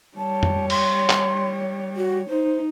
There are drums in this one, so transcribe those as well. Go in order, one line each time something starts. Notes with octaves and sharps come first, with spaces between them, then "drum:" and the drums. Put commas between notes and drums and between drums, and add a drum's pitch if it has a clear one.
G3 C#5 A5
drum: tom F2
C6, drum: cymbal
drum: clap
F#4
D#4 C5